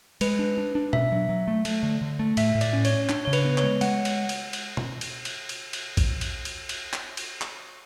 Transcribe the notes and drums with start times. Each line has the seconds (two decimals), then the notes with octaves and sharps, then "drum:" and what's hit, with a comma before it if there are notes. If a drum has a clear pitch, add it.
0.21 G#3 B4, drum: cymbal
0.39 D4
0.58 D4
0.75 D4
0.93 B2 E5, drum: tom B2
1.12 F#3
1.29 F#3
1.48 A3
1.65 A3, drum: cymbal
1.83 D3
2.01 D3
2.19 A3
2.37 A2 E5, drum: cymbal
2.55 A2
2.61 D5, drum: cymbal
2.73 C#4
2.85 C#5, drum: cymbal
2.91 C#4
3.09 D4 C#5, drum: clap
3.25 C#3 C#5
3.33 B4, drum: cymbal
3.45 B3
3.58 C#5, drum: clap
3.63 G#3
3.81 G#3 F#5, drum: cymbal
4.05 drum: cymbal
4.29 drum: cymbal
4.53 drum: cymbal
4.77 drum: tom B2
5.01 drum: cymbal
5.25 drum: cymbal
5.49 drum: cymbal
5.73 drum: cymbal
5.97 drum: kick A#1, cymbal
6.21 drum: cymbal
6.45 drum: cymbal
6.69 drum: cymbal
6.93 drum: clap
7.17 drum: cymbal
7.41 drum: clap